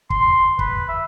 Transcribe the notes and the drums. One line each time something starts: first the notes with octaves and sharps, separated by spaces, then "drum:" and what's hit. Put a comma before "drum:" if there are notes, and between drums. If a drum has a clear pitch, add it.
C6, drum: kick
B4, drum: kick
E5